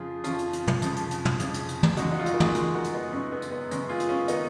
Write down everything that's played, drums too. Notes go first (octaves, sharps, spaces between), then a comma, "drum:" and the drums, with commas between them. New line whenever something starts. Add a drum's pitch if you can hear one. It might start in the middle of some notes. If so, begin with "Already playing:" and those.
Already playing: F2 C#3 F3 F4 G#4
F2 C#3 F3 C#4 F4, drum: hi-hat
drum: hi-hat
drum: hi-hat
drum: tom
F2 C#3 F3, drum: hi-hat
drum: hi-hat
drum: hi-hat
drum: tom
F2 C#3 F3, drum: hi-hat
drum: hi-hat
drum: hi-hat
drum: tom
F#2 C#3 G#3 D#4 F#4, drum: hi-hat
D#4 F#4
F4
D#4 F#4, drum: hi-hat
A#4
F4 G#4, drum: tom
F#2 C#3 G#3 F#4 A#4, drum: hi-hat
F#4 A#4
drum: hi-hat
B3 D#4
F#2 C#3 G#3 C#4
B3
drum: hi-hat
B3
F#2 C#3 G#3 C#4, drum: hi-hat
F4 G#4
drum: hi-hat
C#4 F4
D#3 A#3 B3 D#4, drum: hi-hat